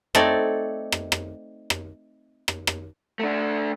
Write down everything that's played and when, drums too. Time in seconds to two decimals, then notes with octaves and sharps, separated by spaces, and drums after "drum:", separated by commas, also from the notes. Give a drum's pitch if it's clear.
0.15 A3 C4 D#4 A4 C#5 D5, drum: rim click
0.92 drum: rim click
1.12 drum: rim click
1.70 drum: rim click
2.48 drum: rim click
2.67 drum: rim click
3.20 A3 D4